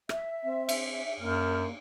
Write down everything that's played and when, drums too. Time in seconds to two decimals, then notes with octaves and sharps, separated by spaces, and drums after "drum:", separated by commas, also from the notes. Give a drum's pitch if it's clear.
0.09 E5, drum: rim click
0.44 C4
0.69 drum: cymbal
1.20 F#2 A#3 F6